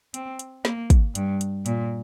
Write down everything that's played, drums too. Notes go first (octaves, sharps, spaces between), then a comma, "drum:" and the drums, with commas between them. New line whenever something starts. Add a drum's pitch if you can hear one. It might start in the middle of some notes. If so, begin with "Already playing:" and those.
C4, drum: hi-hat
drum: hi-hat
A#3, drum: snare
drum: kick, hi-hat
G2, drum: hi-hat
drum: hi-hat
A#2, drum: hi-hat